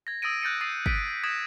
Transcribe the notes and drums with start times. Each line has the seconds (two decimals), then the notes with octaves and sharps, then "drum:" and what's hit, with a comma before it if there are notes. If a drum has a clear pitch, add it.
0.07 G#6 A#6
0.22 D#6 E6 A6 A#6 D7 D#7
0.42 F#6 G6 A6 A#6 C#7 D#7
0.61 D#6 A6 C7 D#7
0.86 B6 D7 D#7, drum: kick
1.24 D#6 G#6 A#6 E7